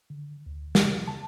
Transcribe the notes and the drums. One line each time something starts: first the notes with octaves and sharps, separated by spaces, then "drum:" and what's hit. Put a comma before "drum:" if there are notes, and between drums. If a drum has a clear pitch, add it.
D3
D2
drum: snare
C#3
A5